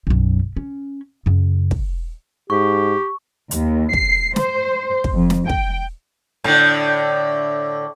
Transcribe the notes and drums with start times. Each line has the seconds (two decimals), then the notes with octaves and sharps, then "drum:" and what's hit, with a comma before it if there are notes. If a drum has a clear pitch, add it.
0.07 B1 F#2
0.57 C#4
1.26 F#2 C#3
1.71 drum: kick
2.50 G#2 G4 C#6
3.51 D#2, drum: hi-hat
3.93 C7, drum: kick
4.36 C5, drum: snare
5.04 drum: kick
5.14 F2
5.30 drum: snare
5.49 G5, drum: kick
6.44 A2 D3, drum: rim click